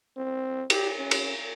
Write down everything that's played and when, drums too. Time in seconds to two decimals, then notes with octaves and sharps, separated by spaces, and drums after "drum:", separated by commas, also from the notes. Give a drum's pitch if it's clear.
0.17 C4
0.70 G4, drum: cymbal
0.98 C#4
1.11 drum: cymbal